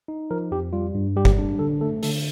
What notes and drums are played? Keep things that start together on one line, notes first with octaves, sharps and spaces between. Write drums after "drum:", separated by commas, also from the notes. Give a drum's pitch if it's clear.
D#4
F3 A#4
F2 G4
G3 F4
G2
G3 G4
drum: kick
D4
D3 A4
A3 A4
D3 A4, drum: open hi-hat